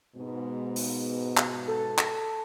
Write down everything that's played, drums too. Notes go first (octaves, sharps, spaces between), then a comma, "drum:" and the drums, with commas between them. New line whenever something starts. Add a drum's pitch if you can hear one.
G#2 B2 B3
drum: open hi-hat
drum: clap
A4
drum: clap